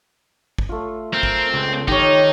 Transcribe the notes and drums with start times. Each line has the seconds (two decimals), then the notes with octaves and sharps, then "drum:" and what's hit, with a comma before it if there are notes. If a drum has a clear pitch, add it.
0.58 drum: kick G#1
0.69 A3 F4
1.13 C4 A#4
1.23 drum: kick G#1
1.54 C#2 C6
1.88 D#3 D#4 G4 C#5, drum: kick G#1